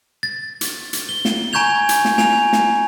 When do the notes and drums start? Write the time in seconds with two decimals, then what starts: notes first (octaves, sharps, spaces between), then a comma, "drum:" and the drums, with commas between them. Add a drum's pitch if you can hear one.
0.23 A6
0.61 drum: hi-hat
0.93 drum: hi-hat
1.09 G7
1.25 drum: snare
1.53 G#5 A#5 C#6 G6 G#6 F7
1.89 drum: hi-hat
2.05 drum: snare
2.18 G#5 F7, drum: snare
2.53 drum: snare